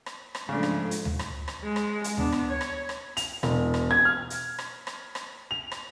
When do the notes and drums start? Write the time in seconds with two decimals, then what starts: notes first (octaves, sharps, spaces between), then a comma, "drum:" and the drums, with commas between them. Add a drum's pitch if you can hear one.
0.06 drum: rim click
0.35 drum: rim click
0.49 G#2 C#3 F3 A3 D4
0.63 drum: rim click
0.91 drum: hi-hat
1.05 drum: tom D2
1.19 drum: rim click
1.48 drum: rim click
1.64 G#3
1.76 drum: rim click
2.04 drum: hi-hat
2.17 B3 D4, drum: tom D2
2.32 drum: rim click
2.49 C#5
2.61 drum: rim click
2.89 drum: rim click
3.17 F7, drum: hi-hat
3.43 E1, drum: rim click
3.74 drum: rim click
3.91 G#6
4.05 F6
4.30 drum: hi-hat
4.58 drum: rim click
4.87 drum: rim click
5.15 drum: rim click
5.51 F7
5.72 drum: rim click